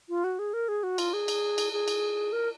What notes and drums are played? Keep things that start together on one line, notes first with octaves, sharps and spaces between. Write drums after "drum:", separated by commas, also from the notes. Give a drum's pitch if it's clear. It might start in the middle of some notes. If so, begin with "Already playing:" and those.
F4
F#4
G#4
A#4
G#4
F#4
F4, drum: cymbal
G#4
drum: cymbal
drum: cymbal
G#4
drum: cymbal
A#4